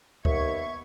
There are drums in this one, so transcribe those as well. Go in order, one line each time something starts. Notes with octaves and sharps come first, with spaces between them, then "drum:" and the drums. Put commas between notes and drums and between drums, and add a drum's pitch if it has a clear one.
D#2 B3 E5 C#6 G#6, drum: kick C#2